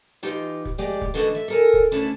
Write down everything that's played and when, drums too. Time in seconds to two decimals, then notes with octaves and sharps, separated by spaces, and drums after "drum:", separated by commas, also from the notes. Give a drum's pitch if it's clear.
0.23 E3 D#4 F4 G4
0.65 drum: kick
0.78 F2 G#3 G4 D5
1.01 drum: kick
1.14 D3 E3 G#3 C#4 F#4 A4
1.35 E5
1.48 A4 A#4 G#5
1.74 drum: kick
1.92 D2 D3 C#4 E4 D5 A5